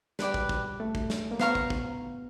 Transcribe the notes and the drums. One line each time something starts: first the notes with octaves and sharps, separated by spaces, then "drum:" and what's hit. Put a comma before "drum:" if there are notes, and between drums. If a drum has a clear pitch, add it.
G3 B4 D5 G5, drum: snare
drum: kick
drum: kick
A3
drum: kick
drum: snare
A#3
B3 C5 F5 A#5 C#6, drum: snare
drum: kick
drum: kick